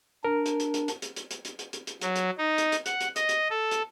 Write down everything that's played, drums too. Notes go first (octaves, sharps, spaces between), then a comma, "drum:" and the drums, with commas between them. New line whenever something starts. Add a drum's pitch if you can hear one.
D4 A#4
drum: hi-hat
drum: hi-hat
drum: hi-hat
drum: hi-hat
drum: hi-hat
drum: hi-hat
drum: hi-hat
drum: hi-hat
drum: hi-hat
drum: hi-hat
drum: hi-hat
F#3, drum: hi-hat
drum: hi-hat
D#4
drum: hi-hat
drum: hi-hat
F#5, drum: hi-hat
drum: hi-hat
D#5, drum: hi-hat
drum: hi-hat
A4
drum: hi-hat